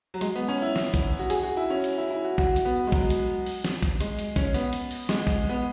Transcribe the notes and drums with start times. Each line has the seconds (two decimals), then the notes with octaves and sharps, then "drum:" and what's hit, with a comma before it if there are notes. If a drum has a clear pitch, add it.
0.14 F#3
0.21 G#3, drum: hi-hat
0.36 B3
0.48 C#4
0.62 E4
0.76 drum: snare
0.94 drum: kick A#1, hi-hat
1.19 F#4
1.30 G#4, drum: hi-hat
1.43 F#4
1.57 E4
1.70 C#4
1.84 drum: hi-hat
1.98 E4
2.10 E4
2.25 F#4
2.38 F#4, drum: kick A#1
2.56 drum: hi-hat
2.65 B3
2.87 G#3
2.92 F#3, drum: kick A#1
3.10 drum: hi-hat
3.46 drum: open hi-hat
3.64 drum: snare
3.83 drum: kick A#1, hi-hat
4.00 G#3, drum: hi-hat
4.19 drum: hi-hat
4.36 C#4, drum: kick A#1, hi-hat
4.54 B3, drum: hi-hat
4.73 drum: hi-hat
4.91 drum: open hi-hat
5.09 G#3, drum: snare
5.27 drum: kick A#1, hi-hat
5.49 B3